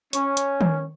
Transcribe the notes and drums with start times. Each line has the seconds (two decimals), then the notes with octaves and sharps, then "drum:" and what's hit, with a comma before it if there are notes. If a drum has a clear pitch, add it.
0.13 C#4 C#5, drum: hi-hat
0.37 drum: hi-hat
0.61 drum: tom D#3